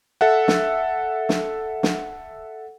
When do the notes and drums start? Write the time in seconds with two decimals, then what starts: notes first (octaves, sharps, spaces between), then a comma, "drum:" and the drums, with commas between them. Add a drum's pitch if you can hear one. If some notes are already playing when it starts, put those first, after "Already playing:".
0.21 A4 E5 F#5
0.48 drum: snare
1.29 drum: snare
1.83 drum: snare